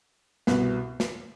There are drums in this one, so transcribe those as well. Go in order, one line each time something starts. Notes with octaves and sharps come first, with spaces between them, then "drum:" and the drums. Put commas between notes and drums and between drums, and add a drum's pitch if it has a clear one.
C2 B2 B3, drum: snare
drum: snare